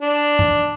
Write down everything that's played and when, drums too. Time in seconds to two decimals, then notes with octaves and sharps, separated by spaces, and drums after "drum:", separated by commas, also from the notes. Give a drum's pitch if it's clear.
0.01 D4
0.39 drum: tom